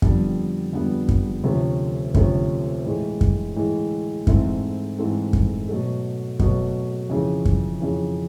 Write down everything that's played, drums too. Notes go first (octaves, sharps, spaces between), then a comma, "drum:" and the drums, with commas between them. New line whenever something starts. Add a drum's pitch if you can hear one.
F2 D3 G3 B3, drum: kick F#2
F2 D3 G3 B3
drum: kick F#2
D2 C3 F3 A3 C#4
D2 C3 F3 A3 C#4, drum: kick F#2
A2 E3 G#3
drum: kick F#2
A2 E3 G#3
G#2 E3 A3 C4 E4, drum: kick F#2
G#2 E3 A3 C4 E4
drum: kick F#2
B2 F#3 A3
B2 F#3 A3, drum: kick F#2
F2 C#3 E3
drum: kick F#2
F2 C#3 E3